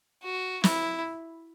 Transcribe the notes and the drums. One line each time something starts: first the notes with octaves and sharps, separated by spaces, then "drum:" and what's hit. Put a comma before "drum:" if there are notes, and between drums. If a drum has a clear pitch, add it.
F#4
E4, drum: snare